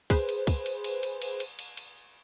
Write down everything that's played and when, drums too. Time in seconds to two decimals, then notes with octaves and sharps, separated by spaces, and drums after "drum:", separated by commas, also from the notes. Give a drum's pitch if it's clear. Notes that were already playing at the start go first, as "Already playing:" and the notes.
0.10 G#4 B4 C5, drum: kick, cymbal
0.29 drum: cymbal
0.47 drum: kick, cymbal
0.66 drum: cymbal
0.84 drum: cymbal
1.03 drum: cymbal
1.22 drum: cymbal
1.40 drum: cymbal
1.59 drum: cymbal
1.77 drum: cymbal